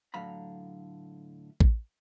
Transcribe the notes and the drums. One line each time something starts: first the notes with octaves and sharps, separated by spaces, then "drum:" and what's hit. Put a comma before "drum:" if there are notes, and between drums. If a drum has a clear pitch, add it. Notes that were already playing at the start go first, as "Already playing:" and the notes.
A2 D3 F#3 F5 A#5 B5
drum: kick A1